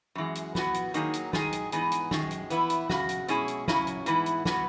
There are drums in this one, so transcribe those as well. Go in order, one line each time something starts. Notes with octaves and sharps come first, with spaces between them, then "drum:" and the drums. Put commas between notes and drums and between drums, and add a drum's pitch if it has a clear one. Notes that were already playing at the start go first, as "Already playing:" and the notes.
F#2 E3 G#3
drum: hi-hat
E3 B3 F#4, drum: snare
drum: hi-hat
D#3 F#3 A#3 D#4 G#4, drum: hi-hat
drum: hi-hat
D#3 G#3 D#4 G#4, drum: snare
drum: hi-hat
G#2 E3 B3 D#4 G#4, drum: hi-hat
drum: hi-hat
F#2 D#3 G#3, drum: snare
drum: hi-hat
E3 B3 E4, drum: hi-hat
drum: hi-hat
E2 C#3 F#4, drum: snare
drum: hi-hat
B2 G#3 C#4 E4 G#4, drum: hi-hat
drum: hi-hat
F#2 C#3 F#3 C#4 E4, drum: snare
drum: hi-hat
G#2 E3 B3 E4, drum: hi-hat
drum: hi-hat
E3 B3 F#4, drum: snare